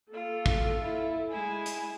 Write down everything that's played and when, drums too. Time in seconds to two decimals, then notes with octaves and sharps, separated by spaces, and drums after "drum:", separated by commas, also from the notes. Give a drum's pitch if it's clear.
0.12 A#3 F4 A4
0.46 drum: kick
0.83 E4
1.31 G#3 E4 G#4 G#5
1.66 drum: hi-hat